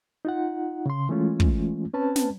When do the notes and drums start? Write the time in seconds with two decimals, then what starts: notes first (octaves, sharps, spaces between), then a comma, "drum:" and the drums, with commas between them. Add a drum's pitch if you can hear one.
0.25 D#4 F4 F#5
0.86 C#3 C6
1.09 E3 G#3 A3 C#4 F4
1.40 drum: kick
1.93 C4 C#4 B4 A5
2.16 drum: snare